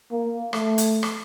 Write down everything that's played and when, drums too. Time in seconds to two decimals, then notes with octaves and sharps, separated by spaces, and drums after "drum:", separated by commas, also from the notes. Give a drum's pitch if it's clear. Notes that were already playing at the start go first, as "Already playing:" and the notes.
0.11 A#3
0.53 A3, drum: rim click
0.78 drum: hi-hat
1.03 drum: rim click